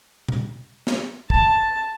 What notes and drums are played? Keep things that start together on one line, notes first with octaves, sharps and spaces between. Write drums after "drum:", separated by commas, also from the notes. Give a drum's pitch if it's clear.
drum: tom B2
drum: snare
A5, drum: kick